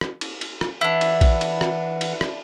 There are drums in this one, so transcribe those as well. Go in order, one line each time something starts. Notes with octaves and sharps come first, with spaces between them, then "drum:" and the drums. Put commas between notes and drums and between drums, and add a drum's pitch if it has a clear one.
drum: rim click
drum: cymbal
drum: cymbal
drum: rim click
E3 D4 E4 B4 F#5
drum: cymbal
drum: kick A#1, cymbal
drum: cymbal
drum: rim click
drum: cymbal
drum: rim click